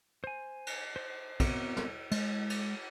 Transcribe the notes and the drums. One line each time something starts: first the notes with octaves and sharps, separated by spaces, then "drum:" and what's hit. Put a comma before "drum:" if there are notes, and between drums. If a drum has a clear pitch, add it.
C5 G#5
drum: cymbal
C5
B3 C4 F#4 A#4 D5 E5, drum: kick, cymbal
drum: snare
G#3, drum: cymbal
drum: cymbal